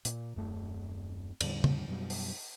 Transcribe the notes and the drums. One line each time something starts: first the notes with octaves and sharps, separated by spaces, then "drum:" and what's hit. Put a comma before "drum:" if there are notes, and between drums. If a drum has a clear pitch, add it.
A#2, drum: hi-hat
D#1 F#2 A3
E2 A2 D3 G3, drum: cymbal
drum: tom
F#2 B2 F#3 G3
drum: open hi-hat